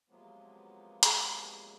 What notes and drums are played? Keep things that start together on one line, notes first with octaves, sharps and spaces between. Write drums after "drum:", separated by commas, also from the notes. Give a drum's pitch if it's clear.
C3 F3 F#3 G#3 A#3 B3
drum: hi-hat